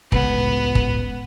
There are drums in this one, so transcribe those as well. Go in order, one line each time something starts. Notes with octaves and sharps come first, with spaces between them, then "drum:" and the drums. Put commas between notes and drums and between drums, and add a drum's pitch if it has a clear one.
C#2 A2 B3, drum: kick
drum: kick